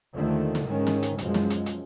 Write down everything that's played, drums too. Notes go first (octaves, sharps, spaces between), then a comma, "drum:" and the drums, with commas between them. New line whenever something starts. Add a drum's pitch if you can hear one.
D#2 D3 D#3 F3 A3
drum: snare
G#2 D#3 G#3 C#4
drum: snare
drum: hi-hat
F#2 B2 F3 G#3, drum: hi-hat
drum: snare
drum: hi-hat
drum: hi-hat